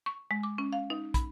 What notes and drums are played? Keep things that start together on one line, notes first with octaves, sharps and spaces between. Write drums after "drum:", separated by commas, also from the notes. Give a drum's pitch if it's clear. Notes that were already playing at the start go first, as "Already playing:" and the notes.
C#6
G#3
D6
C#4
F5
D#4
B5, drum: kick, hi-hat